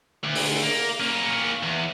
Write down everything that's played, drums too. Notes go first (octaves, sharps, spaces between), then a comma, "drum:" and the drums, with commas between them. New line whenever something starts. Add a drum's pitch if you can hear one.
D2
drum: open hi-hat
A#3
A#3 C#4
E2